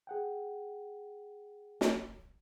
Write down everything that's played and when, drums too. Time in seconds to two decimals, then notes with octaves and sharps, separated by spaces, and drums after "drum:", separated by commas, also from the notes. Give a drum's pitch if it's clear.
0.07 G#4 F#5 G5
1.81 drum: snare